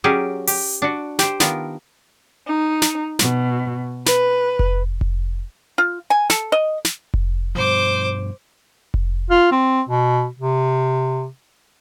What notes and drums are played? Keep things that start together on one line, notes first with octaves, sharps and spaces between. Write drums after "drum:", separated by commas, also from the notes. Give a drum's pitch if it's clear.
F#3 C#4 G4 G#4 A#4 D5
G4, drum: open hi-hat
D4 F#4
G4 C5, drum: snare
D#3 B3 D4 F4 A#4, drum: snare
D#4
drum: snare
B2, drum: snare
B4, drum: snare
drum: kick F1
drum: kick F1
F4
G#5
A4, drum: snare
D#5
drum: snare
drum: kick F1
G2 B2 F3 C5 D6
drum: kick F1
F4
C4
B2
C3